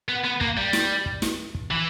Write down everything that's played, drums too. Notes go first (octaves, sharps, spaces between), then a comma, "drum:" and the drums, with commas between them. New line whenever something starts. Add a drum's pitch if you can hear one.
B3
B3
A#3, drum: kick
G3
drum: snare
drum: kick
drum: snare
drum: kick
E3